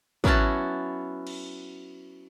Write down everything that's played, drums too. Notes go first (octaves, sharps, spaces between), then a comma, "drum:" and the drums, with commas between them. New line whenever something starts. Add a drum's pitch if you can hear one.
F#3 B3 C#4 E4 F#4 A5, drum: kick
drum: cymbal